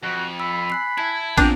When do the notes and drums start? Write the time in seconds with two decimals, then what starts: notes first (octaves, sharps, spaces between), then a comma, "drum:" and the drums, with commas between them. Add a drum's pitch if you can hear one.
0.04 F2 F#4
0.40 B5 E6
0.70 G#5 F#6 C7
0.98 E4 A5 G#6
1.37 B3 C4 D4 F4 G#4 A#4 G5, drum: kick, open hi-hat